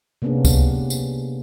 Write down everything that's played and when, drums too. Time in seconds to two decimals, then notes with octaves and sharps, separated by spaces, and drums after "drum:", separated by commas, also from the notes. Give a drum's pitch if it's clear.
0.22 C3 A#3 B3 C#4 D4 G#4
0.45 drum: kick, tambourine
0.90 drum: tambourine